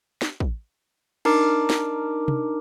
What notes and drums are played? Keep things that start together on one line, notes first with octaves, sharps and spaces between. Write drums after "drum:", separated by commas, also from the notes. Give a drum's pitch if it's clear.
drum: snare
drum: kick
D4 D#4 A#4 D6, drum: cymbal
drum: snare
drum: tom